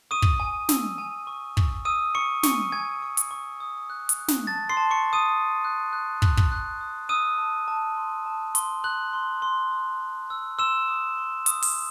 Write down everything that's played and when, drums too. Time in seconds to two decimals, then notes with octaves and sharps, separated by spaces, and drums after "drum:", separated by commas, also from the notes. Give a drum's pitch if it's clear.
0.11 C#6 D#6 D#7
0.22 drum: kick
0.40 G#5
0.69 E6, drum: snare
0.98 G#5
1.27 C#6
1.57 C#6, drum: kick
1.85 D#6 E6 D#7
2.15 G#5 C#6 C#7
2.43 G#5 C#6 C#7, drum: snare
2.72 G#5 G#6
3.02 C#6
3.17 drum: hi-hat
3.31 C#6
3.60 D#6
3.90 F#6
4.09 drum: hi-hat
4.19 F#6
4.28 drum: snare
4.47 A5 A6
4.69 C6 C7
4.77 A5
4.91 C#6 C#7
5.05 A5
5.13 D#6 D#7
5.34 A5
5.65 F#6
5.93 F#6
6.22 F#6, drum: kick
6.37 drum: kick
6.52 F#6
6.81 D#6
7.09 D#6 E6 D#7
7.38 A5
7.68 A5
7.96 C6
8.26 A5
8.55 C6, drum: hi-hat
8.84 C6 F#6 F#7
9.13 C6
9.42 C6
9.71 C6
10.00 C6
10.30 E6
10.58 C6 E6 E7
10.88 D#6
11.18 C6
11.46 D#6, drum: hi-hat
11.62 drum: open hi-hat